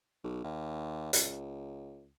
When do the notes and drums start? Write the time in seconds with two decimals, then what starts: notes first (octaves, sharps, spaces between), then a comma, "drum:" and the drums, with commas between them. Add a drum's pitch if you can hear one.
0.24 B1
0.44 D#2
1.13 C#2, drum: hi-hat